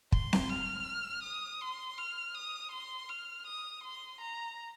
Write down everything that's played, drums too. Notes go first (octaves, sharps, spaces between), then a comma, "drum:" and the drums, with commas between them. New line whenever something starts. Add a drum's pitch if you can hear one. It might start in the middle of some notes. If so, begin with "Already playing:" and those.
C6, drum: kick
drum: snare C4
F6
D#6
C6
F6
D#6
C6
F6
D#6
C6
A#5